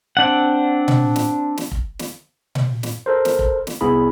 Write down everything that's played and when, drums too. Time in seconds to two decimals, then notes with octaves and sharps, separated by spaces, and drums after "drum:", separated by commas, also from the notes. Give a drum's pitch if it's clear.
0.17 C4 D4 F#5
0.88 drum: tom A#2
1.16 drum: snare
1.58 drum: snare
1.71 drum: kick F1
1.99 drum: snare
2.55 drum: tom A#2
2.83 drum: snare
3.06 A4 A#4 C5
3.25 drum: snare
3.39 drum: kick F1
3.67 drum: snare
3.81 C2 B3 E4 G#4 B5